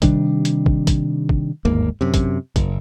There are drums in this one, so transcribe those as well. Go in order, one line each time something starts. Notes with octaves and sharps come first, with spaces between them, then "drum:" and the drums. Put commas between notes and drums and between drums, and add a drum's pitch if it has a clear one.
C3 D#3 G3 D4, drum: kick, hi-hat
drum: hi-hat
drum: kick
drum: kick, hi-hat
drum: kick
G1 D#2 G#2 A#3
F#2 C3
drum: kick, hi-hat
F#1, drum: kick, hi-hat